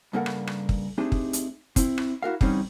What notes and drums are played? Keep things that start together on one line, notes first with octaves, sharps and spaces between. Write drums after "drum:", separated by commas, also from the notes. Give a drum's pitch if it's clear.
G2 C#3 A#3 A4 A#4 F#5
drum: rim click
drum: rim click
drum: kick
A3 C4 D4 D#4 G4 G#4
drum: kick
drum: hi-hat
C4 E4, drum: kick, hi-hat
drum: rim click
E4 F#4 A#4 F5
D3 E3 G3 C4 C#4 D#4, drum: kick